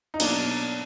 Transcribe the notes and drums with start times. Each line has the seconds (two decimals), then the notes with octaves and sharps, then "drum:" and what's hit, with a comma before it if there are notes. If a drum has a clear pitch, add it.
0.14 D#4
0.20 B2 F#3 A#3 D4, drum: cymbal